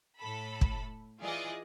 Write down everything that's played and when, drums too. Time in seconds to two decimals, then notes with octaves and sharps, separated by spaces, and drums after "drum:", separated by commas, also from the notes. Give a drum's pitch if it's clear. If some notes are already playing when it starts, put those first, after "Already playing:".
0.19 A2 A4 B5
0.61 drum: kick
1.21 E3 F4 G#4 D5 D#5